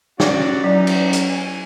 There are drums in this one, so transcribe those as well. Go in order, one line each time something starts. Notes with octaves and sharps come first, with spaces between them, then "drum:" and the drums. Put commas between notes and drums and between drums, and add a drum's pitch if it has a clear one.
F#3 C#4 F#4 D5, drum: snare
E3 F#3 D#4
drum: cymbal
drum: hi-hat
G#5